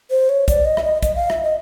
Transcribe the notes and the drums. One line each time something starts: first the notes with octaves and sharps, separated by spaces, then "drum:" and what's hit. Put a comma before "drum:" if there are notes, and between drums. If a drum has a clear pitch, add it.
C5
C#5
D5, drum: kick, hi-hat
D#5
E5, drum: rim click
D#5
D#5, drum: kick, hi-hat
F5
E5, drum: rim click
D#5